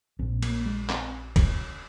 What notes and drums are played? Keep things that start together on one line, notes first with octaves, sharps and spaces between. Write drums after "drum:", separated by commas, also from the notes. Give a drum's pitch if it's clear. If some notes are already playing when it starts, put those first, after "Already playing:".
A#1 A#2 C4
A#3, drum: cymbal
G#3
C4, drum: clap
drum: kick, cymbal